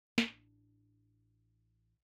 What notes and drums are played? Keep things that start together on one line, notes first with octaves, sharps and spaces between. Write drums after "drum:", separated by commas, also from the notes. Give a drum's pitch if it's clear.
A1 D4, drum: snare